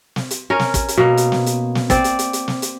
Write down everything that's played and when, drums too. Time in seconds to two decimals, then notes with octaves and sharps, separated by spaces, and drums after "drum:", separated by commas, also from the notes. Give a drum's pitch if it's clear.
0.16 drum: snare
0.31 drum: hi-hat
0.50 C#4 A#4
0.59 drum: snare
0.74 drum: kick, hi-hat
0.88 drum: hi-hat
0.98 B2 A#3
1.17 drum: hi-hat
1.32 drum: snare
1.46 drum: hi-hat
1.75 drum: snare
1.90 C4 D5, drum: kick, hi-hat
2.04 drum: hi-hat
2.19 drum: hi-hat
2.33 drum: hi-hat
2.48 drum: snare
2.62 drum: hi-hat